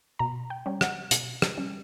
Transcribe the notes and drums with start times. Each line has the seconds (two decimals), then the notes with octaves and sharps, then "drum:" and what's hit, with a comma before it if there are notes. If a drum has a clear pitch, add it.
0.19 B2 A#5
0.50 G5
0.66 G3 C#4
0.81 F#5, drum: rim click
1.11 B2, drum: hi-hat
1.42 drum: rim click
1.57 G3 C#4